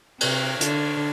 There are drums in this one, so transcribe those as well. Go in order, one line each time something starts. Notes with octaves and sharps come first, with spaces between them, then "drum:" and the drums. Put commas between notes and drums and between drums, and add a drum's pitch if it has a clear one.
C3, drum: cymbal
D3, drum: hi-hat